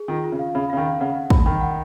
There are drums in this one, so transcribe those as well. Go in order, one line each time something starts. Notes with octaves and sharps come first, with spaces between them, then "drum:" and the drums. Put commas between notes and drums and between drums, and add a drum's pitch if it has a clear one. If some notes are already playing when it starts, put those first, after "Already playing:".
Already playing: G#4
D#3 F4
F4
C#3
F5
C#3 B5
C#3 F5
D#3
F5
C#3 F#5
F#5
B5, drum: kick
D#3 B5
F#5